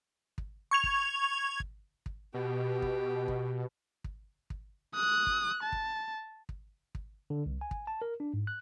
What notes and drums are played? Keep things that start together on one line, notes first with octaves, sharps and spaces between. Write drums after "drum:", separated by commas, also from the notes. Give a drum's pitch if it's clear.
drum: kick
C#6 G#6 F7
drum: kick
drum: kick
drum: kick
B2 G4
drum: kick
drum: kick
drum: kick
drum: kick
D#6 F#6
drum: kick
A5
drum: kick
drum: kick
drum: kick
D3
C2
G#5
drum: kick
A5
A#4
D4
G#2
F#6